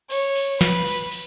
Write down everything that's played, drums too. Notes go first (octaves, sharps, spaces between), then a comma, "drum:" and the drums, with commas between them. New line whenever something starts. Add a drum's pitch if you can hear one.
C#5, drum: cymbal
drum: cymbal
B4, drum: snare
drum: cymbal
drum: cymbal